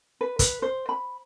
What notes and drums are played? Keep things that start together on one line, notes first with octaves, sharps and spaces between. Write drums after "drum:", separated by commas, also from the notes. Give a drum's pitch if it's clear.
B4
B4, drum: kick, hi-hat
C5
B5